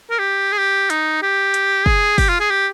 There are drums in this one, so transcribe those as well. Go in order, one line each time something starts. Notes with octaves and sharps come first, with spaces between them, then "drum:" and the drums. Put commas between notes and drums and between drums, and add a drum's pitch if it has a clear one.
A#4
G4
G#4
G4
D#4, drum: hi-hat
G4
drum: hi-hat
G#4, drum: kick
G4, drum: kick, open hi-hat
F4
G#4
G4